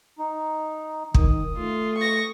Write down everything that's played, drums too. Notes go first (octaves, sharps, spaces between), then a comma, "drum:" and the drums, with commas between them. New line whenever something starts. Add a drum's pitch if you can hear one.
D#4
D#3 D#6, drum: kick
A3 F4
C#6 A#6